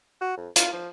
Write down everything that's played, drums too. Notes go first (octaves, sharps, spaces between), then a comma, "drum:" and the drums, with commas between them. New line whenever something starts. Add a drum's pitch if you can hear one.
F#4
F2
F4, drum: hi-hat
F3